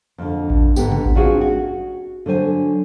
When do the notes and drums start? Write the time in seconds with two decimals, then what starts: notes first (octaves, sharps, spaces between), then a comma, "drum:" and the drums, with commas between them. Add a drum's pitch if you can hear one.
0.18 F2 D3
0.50 drum: kick A1
0.76 G#2 D3 B3 G4, drum: tambourine
0.91 drum: tom C3
1.05 drum: kick A1
1.15 C4 D4 F4 F#4 G#4
1.41 F#4
2.26 D3 F#3 C5 G#5